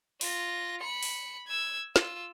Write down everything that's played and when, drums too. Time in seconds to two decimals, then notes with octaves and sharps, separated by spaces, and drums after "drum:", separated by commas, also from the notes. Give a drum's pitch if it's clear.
0.21 F4 A#6, drum: open hi-hat
0.81 B5 C#7
1.03 drum: open hi-hat
1.47 E6 G#6
1.96 F4 E6, drum: snare